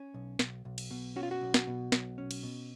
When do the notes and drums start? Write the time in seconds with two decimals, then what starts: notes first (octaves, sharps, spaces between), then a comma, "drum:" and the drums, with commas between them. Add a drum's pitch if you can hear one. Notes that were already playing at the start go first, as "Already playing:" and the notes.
Already playing: C#4
0.14 B1
0.39 B1, drum: snare
0.65 B1
0.78 drum: cymbal
0.91 B2
1.16 C#4 F#4
1.23 F4
1.31 F#4
1.42 B1
1.54 drum: snare
1.67 B2
1.92 B1, drum: snare
2.18 C#4
2.31 drum: cymbal
2.43 B2